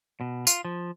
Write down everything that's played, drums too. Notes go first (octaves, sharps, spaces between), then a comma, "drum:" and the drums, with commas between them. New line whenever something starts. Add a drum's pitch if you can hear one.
B2
F4, drum: tambourine
F3